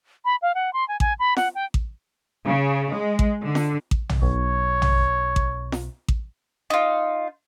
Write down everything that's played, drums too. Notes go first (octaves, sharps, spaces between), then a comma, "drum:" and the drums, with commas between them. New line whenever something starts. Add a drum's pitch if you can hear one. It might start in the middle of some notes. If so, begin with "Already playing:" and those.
B5
F5
F#5
C6
G#5
G#5, drum: kick A1
B5
F#5, drum: snare
G5
drum: kick A1
C#3
G#3
drum: kick A1
D3
drum: snare
drum: kick A1
drum: tom
B1 C#5
drum: tom
drum: kick A1
drum: snare
drum: kick A1
D#4 F4